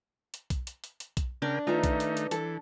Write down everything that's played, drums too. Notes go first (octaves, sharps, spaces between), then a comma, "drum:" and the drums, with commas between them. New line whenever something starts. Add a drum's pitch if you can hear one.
drum: hi-hat
drum: kick B1, hi-hat
drum: hi-hat
drum: hi-hat
drum: hi-hat
drum: kick B1, hi-hat
C#3 D4 A#4 G5
D#3 A3 D#4 F4 B4 E5 A#5
drum: kick B1, hi-hat
drum: hi-hat
drum: hi-hat
E3 A4, drum: hi-hat